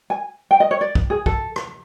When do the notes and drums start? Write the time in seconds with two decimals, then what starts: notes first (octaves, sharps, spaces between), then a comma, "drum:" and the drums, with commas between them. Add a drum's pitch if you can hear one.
0.10 G#5
0.51 G5
0.60 D#5
0.71 C#5
0.81 D5
0.95 drum: kick
1.10 G#4
1.26 A4, drum: kick
1.56 drum: rim click